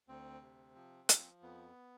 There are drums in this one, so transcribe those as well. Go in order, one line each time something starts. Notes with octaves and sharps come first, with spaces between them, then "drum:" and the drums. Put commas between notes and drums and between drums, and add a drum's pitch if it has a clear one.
D2 C4
C3
F3
F3, drum: hi-hat
F2 B3